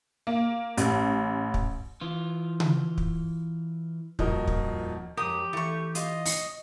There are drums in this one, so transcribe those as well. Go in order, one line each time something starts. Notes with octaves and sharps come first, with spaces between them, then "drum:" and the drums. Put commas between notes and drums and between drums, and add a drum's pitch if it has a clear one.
A#3
A1, drum: hi-hat
drum: kick
E3 F4
drum: tom C#3
drum: kick
D#1 F2 F#4 A#4 D#5, drum: kick
drum: kick
F2 A#2 G4 A#4 D#6
E3 A3 C#6
F4 D#5, drum: hi-hat
C#6, drum: open hi-hat